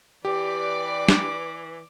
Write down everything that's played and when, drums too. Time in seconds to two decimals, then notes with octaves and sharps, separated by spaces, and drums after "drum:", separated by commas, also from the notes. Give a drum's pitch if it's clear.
0.25 E3 G4 B4 D5 D6
1.08 drum: snare